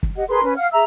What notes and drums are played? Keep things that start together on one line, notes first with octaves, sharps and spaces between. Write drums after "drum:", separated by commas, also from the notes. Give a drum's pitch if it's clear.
drum: kick
G4 D#5 F#5
G#4 A#4 B4 C6
C#4 B4
F5 F#5 F6
G#4 E5 A#5 E6